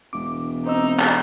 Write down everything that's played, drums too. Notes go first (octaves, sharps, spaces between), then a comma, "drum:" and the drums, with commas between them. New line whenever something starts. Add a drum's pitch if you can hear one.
E1 D6
C4 D#4 C5 D#5 E6
drum: clap